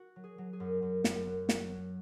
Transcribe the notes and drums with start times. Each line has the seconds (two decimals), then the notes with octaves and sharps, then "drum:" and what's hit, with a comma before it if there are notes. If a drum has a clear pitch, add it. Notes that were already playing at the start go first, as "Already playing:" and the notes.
Already playing: F#4
0.16 F#3
0.24 G#4
0.38 F#3
0.53 G#4
0.60 F#2
0.82 F#2
1.04 F#2, drum: snare
1.26 F#3
1.49 F#3, drum: snare
1.71 F#3